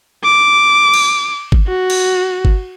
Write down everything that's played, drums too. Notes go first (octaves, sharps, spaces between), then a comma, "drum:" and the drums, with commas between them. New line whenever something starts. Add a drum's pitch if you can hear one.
D6
drum: cymbal
drum: kick G1
F#4
drum: cymbal
drum: kick G1